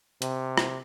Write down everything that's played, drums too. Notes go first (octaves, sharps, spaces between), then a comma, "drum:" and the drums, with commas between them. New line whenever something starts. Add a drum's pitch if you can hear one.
C3, drum: hi-hat
drum: rim click